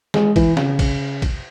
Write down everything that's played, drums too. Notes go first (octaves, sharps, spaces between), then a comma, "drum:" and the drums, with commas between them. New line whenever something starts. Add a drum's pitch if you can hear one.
G#3, drum: snare
E3, drum: kick, cymbal
C#3, drum: snare
drum: kick, cymbal
drum: kick, cymbal